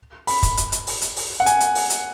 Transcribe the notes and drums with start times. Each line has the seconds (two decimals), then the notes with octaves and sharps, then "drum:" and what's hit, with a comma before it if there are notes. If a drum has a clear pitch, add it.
0.27 B5, drum: open hi-hat
0.43 drum: kick, hi-hat
0.57 drum: hi-hat
0.72 drum: hi-hat
0.87 drum: open hi-hat
1.02 drum: hi-hat
1.16 drum: open hi-hat
1.40 F#5
1.46 G#5, drum: hi-hat
1.60 drum: hi-hat
1.75 drum: open hi-hat
1.90 drum: hi-hat